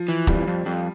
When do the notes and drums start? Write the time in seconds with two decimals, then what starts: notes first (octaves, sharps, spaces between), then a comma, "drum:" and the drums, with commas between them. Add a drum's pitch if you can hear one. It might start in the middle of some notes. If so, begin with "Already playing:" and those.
Already playing: F3
0.08 E3
0.27 F2 G3, drum: kick
0.47 F2
0.66 F2